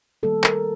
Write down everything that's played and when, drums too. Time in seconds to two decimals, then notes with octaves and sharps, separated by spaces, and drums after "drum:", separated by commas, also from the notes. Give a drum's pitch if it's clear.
0.23 D#3 G3 A#3 A4
0.44 A#4, drum: clap